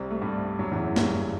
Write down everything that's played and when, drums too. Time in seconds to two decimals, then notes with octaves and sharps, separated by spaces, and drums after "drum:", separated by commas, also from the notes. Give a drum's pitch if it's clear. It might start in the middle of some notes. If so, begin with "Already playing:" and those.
Already playing: C2 C3
0.10 A3
0.22 G2 G3
0.59 F#2 F#3
0.72 E2 E3
0.84 F#2
0.96 G1 G2, drum: snare